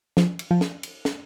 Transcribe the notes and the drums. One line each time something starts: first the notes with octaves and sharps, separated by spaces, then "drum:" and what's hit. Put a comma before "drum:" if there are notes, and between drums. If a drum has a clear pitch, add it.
F3, drum: snare
drum: cymbal
F3
drum: snare
drum: cymbal
drum: snare